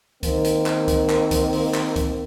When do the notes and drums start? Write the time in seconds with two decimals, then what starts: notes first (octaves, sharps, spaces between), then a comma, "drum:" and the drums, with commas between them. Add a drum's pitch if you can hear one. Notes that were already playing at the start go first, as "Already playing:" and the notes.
0.23 D#3 A#3 C4, drum: kick C#2, hi-hat
0.44 drum: hi-hat
0.66 drum: clap
0.88 drum: kick C#2, hi-hat
1.09 drum: clap
1.31 drum: kick C#2, hi-hat
1.53 drum: open hi-hat
1.74 drum: clap
1.96 drum: kick C#2, hi-hat